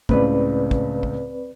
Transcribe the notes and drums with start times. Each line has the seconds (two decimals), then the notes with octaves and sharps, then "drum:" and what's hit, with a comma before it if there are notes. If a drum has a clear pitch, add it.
0.09 C#2 A2 C#3 C4 B4 D5, drum: kick
0.71 drum: kick
1.03 drum: kick